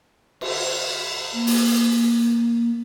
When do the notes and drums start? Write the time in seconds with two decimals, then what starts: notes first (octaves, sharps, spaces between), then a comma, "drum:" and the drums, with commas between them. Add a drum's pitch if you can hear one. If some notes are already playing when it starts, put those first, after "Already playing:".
0.41 drum: cymbal
1.33 A#3
1.47 drum: open hi-hat